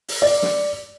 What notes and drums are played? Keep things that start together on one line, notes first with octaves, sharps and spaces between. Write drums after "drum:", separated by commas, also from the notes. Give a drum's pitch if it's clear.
drum: open hi-hat
D5
drum: snare